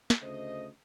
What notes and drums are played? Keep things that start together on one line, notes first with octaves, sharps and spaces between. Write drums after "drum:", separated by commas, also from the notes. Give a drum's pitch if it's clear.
drum: snare
D2 C#3 A3 C5 D#5